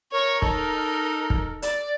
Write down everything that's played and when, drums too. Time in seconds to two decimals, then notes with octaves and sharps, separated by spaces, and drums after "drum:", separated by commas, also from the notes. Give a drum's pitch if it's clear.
0.12 A#4 C#5 C#6
0.42 D#4 A4, drum: kick
1.30 drum: kick
1.62 D5, drum: hi-hat